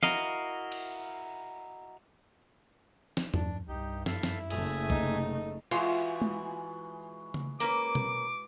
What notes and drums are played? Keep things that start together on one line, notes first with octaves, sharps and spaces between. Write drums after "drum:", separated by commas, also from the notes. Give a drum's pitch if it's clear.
E4 F#4 A#4 D#5 F5, drum: snare
drum: cymbal
drum: snare
G2 D4, drum: tom E2
C2 G2 D#4 G4
F#2 E4 A4 E5 F5, drum: snare
drum: snare
F#1 A3 E5 G#5 D#6, drum: cymbal
C3 D#4, drum: kick
E3 G#3 F4 F#4, drum: cymbal
drum: tom G#3
drum: tom C#3
A#3 C#4 B4 D6, drum: open hi-hat
drum: tom B2